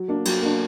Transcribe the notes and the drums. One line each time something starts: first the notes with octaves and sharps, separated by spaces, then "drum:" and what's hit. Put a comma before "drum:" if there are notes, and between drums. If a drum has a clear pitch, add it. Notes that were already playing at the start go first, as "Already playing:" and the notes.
Already playing: F#3
A#3 D4
F#3, drum: cymbal
A#3 D4